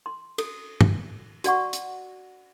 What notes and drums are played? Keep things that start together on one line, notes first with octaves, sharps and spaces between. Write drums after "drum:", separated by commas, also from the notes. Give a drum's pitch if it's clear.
C6
A4, drum: cymbal
drum: tom G2
F#4 D5 F#5 C#6, drum: hi-hat
drum: hi-hat